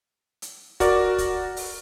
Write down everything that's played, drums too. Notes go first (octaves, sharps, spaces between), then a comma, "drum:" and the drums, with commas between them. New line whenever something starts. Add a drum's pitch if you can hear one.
drum: hi-hat
F#4 A#4 D5, drum: kick, hi-hat
drum: kick, hi-hat
drum: open hi-hat